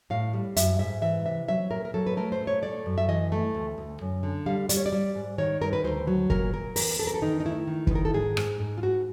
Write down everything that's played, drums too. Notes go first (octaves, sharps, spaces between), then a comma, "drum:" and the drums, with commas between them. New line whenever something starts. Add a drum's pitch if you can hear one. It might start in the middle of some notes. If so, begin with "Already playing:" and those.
A2 F5
G3
F#2 E5, drum: hi-hat
G#2 E5
E3 E5
C3 E5
F#3 E5
A#2 A#4
A#4
F#3 A4
B4
A3 A#4
C5
A#2
C#5
A3 D5
F#2
E5
E3 D#5
A3 E5
D2
D2
F#2
D3
G3 F5
G3 D5, drum: hi-hat
C#5
D5
G3
G#2
D#3 C#5
G2 A#4
B4
D2 C5
F#3
A#2 A#4, drum: kick
A#2 A#4
E2 A#4, drum: open hi-hat
E2 A4
A#4
A4
D#3 D#4
D#4
A3 E4
D#3
B4, drum: kick
D#3 A#4
A4
G#2 G#4
G#2, drum: rim click
G#2
F4
G#2 F#4